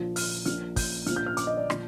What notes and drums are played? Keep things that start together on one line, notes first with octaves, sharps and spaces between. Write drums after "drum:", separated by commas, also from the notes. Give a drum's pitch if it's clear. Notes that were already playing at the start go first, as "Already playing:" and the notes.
Already playing: A#1 A#2 F3
F6, drum: open hi-hat
A#1 A#2 F3 F6, drum: hi-hat
G6, drum: kick, open hi-hat
A#1 A#2 F3 F6, drum: hi-hat
G6
F6
D6, drum: hi-hat
D#5
D5
A#2 F3, drum: rim click